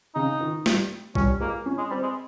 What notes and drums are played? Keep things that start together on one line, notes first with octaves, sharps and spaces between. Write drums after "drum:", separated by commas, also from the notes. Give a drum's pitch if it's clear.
C#3 D#4
D#3
G3, drum: snare
G3 C#4, drum: kick B1
G#3 A#3
C#4
G#3
G3 C4
G#3